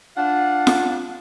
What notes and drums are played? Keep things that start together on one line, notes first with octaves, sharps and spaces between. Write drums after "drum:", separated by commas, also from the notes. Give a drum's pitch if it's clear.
D4 F4 F5 F#5
drum: snare